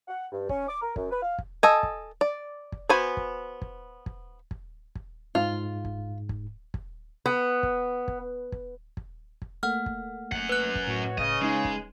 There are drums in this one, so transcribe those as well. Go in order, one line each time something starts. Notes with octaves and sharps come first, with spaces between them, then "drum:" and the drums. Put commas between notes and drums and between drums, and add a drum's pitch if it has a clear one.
F#5
G2
C#4, drum: kick
D6
A#4
F#2, drum: kick
B4
F5
drum: kick
A4 D#5 G#5
drum: kick
D5
drum: kick
B3 F#4 C5 G#5 B5
drum: kick
drum: kick
drum: kick
drum: kick
drum: kick
G#2 F4
drum: kick
drum: kick
drum: kick
B3
drum: kick
drum: kick
drum: kick
drum: kick
drum: kick
A3 A#3 F#5 F6
drum: kick
F#2 F#5, drum: kick
B4 F#6
drum: kick
A2 F#4 C#5
C#3 D#5, drum: kick
G#3 C#4 D#4
drum: kick